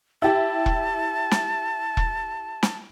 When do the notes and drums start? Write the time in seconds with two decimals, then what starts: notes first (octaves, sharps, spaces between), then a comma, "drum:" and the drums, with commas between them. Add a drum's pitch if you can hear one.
0.22 E4 G4 A5
0.66 drum: kick E1
1.31 drum: snare
1.97 drum: kick E1
2.63 drum: snare